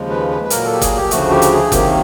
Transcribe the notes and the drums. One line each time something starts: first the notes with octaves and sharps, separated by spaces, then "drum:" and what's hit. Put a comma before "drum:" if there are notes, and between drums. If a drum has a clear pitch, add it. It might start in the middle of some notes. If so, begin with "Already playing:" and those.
Already playing: D#2 C#3 F3 G#3
B4
B4
B4
A#2 F#3 A#3 A#4, drum: hi-hat
A4
G4
G#4, drum: kick F#1, hi-hat
G4
D2 C#3 F3 A3 F#4, drum: hi-hat
G4
drum: hi-hat
G#4
C3 D#3 F#3 A#3 G4, drum: kick F#1, hi-hat